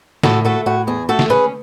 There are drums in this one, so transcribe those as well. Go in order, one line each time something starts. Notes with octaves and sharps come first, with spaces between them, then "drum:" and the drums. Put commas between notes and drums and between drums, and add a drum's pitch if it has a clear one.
A2 F#4 A4, drum: snare
A3 F#4 A4
A2 F#4
E2 G#4
A3 F#4 A4
drum: snare
C#4 G#4 B4